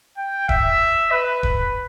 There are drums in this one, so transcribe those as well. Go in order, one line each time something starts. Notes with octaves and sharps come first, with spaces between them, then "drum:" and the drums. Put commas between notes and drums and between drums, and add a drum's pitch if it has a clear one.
G5
E5, drum: kick D#1
B4
drum: kick D#1